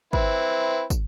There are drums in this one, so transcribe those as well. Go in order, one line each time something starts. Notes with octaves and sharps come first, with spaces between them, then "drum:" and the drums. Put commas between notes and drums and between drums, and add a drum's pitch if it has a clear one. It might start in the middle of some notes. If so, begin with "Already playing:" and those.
C4 E4 B4, drum: kick
drum: kick, tambourine